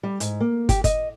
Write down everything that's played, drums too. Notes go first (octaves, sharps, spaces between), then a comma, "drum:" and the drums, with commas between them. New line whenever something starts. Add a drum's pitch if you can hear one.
G3
G#2, drum: hi-hat
A#3
G4, drum: kick, hi-hat
D#5, drum: kick, hi-hat